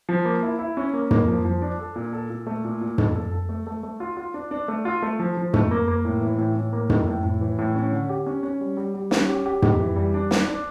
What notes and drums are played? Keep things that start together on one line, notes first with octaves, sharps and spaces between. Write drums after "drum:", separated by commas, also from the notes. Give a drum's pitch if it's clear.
F3
A#3
E4
E4
C#4
A#3
A#3, drum: tom
F3
F3
D4
A4
A#2
A4
A#2
A3
A#2
A#2
A4, drum: tom
A4
A4
A3
A3
A3
F4
F4
D4
D4
A3
F4
A3
F3
F3
A3, drum: tom
A#3
A#3
A2
E3
A2
A2
A#3
A2, drum: tom
A2
A2
E3
A2
C#4
D3
G4
C#4
C#4
G3
G3
G3
C#4, drum: snare
G4
G4
G4, drum: tom
E3
G3
D4
D4, drum: snare
D4